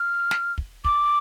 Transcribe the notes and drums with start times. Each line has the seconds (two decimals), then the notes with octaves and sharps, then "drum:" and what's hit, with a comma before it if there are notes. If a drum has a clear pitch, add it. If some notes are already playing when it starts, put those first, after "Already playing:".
Already playing: F6
0.31 drum: snare
0.58 drum: kick
0.85 D6, drum: kick